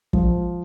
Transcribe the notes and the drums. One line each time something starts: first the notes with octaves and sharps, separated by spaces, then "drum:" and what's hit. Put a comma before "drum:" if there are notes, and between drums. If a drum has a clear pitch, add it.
F3, drum: kick